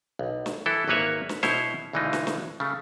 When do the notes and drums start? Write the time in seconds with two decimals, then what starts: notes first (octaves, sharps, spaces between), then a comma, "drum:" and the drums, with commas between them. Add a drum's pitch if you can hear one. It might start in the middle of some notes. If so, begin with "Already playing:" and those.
0.19 B1
0.46 drum: snare
0.66 E3 E4 A4
0.88 G#1 F#3 A#3 B4 C#5 E5
1.29 drum: snare
1.43 B2 E4 C5 C#5, drum: snare
1.93 D2 B2 E3 G#3 D#4 F4
2.13 drum: snare
2.27 drum: snare
2.60 C#3 A3